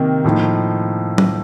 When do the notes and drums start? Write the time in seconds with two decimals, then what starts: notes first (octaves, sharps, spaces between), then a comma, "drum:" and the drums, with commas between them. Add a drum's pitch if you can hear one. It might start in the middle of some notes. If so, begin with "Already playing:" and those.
Already playing: C3 D#3 A#3
0.24 A2 F3 A#3 D#4
1.18 drum: tom F#3